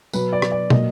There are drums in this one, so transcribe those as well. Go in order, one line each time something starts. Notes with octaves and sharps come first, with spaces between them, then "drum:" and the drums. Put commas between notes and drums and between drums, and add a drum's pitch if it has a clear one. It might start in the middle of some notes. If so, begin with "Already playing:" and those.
B2 F#3 B3 B4, drum: tambourine
D5
drum: rim click
D5
A#2 F#3 A#3 D#5, drum: tom